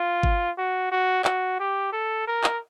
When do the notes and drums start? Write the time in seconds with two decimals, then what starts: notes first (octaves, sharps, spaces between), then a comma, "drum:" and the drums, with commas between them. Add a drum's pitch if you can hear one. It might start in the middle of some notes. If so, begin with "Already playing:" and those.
Already playing: F4
0.23 drum: kick G1
0.58 F#4
0.92 F#4
1.25 F#4, drum: clap
1.60 G4
1.93 A4
2.27 A#4
2.44 drum: clap